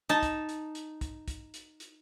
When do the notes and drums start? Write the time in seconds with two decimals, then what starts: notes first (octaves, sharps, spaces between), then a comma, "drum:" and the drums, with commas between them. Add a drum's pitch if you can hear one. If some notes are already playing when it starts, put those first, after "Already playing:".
0.09 D#4 A5
0.23 drum: kick, hi-hat
0.49 drum: hi-hat
0.75 drum: hi-hat
1.01 drum: kick, hi-hat
1.28 drum: kick, hi-hat
1.54 drum: hi-hat
1.80 drum: hi-hat